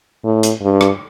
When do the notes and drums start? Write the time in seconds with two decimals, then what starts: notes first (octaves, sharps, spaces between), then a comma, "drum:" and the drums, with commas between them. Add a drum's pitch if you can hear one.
0.25 A2
0.43 drum: hi-hat
0.62 G2
0.81 drum: rim click